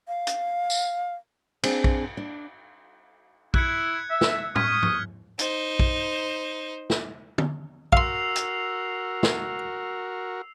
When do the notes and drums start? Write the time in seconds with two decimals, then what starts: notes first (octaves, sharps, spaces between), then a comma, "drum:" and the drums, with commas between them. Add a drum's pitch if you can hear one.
0.08 F5
0.27 drum: hi-hat
0.70 drum: tambourine
1.63 C4 D4 G#4 C5, drum: cymbal
1.84 drum: kick A#1
2.17 D4
3.54 E4 F#6 G#6 C#7, drum: kick A#1
4.10 E5
4.21 drum: snare
4.56 C#6 D#6 F6 G#6 B6, drum: tom
4.83 drum: tom
5.39 D#4 C5, drum: hi-hat
5.79 drum: kick A#1
6.90 drum: snare
7.38 drum: tom
7.92 F#4 A#4 F5 C6 E6 C7 F7, drum: kick A#1
8.36 drum: hi-hat
9.23 drum: snare